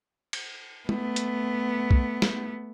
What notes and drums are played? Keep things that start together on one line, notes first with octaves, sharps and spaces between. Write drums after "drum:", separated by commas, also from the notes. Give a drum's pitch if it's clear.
drum: cymbal
A3 B3, drum: tom G#3
drum: hi-hat
drum: kick
drum: snare